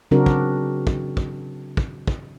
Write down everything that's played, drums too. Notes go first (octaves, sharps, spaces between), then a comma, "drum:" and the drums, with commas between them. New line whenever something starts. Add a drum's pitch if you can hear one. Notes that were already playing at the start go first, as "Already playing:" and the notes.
C#3 F#3 C4 D4 F#4 A#4
drum: kick
drum: kick
drum: kick
drum: kick
drum: kick